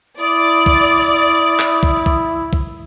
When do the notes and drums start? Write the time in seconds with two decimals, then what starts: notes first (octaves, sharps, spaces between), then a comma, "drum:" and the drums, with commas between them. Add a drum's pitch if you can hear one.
0.20 E4 D5 D#6
0.66 drum: kick B1
1.59 drum: clap
1.83 drum: kick B1
2.06 drum: kick B1
2.53 drum: kick B1